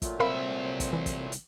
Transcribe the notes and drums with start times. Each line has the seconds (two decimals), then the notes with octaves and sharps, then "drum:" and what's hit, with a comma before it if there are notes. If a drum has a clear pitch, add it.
0.02 A#2 F#3 A3 F4, drum: kick, hi-hat
0.20 C2 C4 A#4 E5 F5 B5
0.80 drum: kick, hi-hat
0.93 E3
1.06 drum: kick, hi-hat
1.32 drum: hi-hat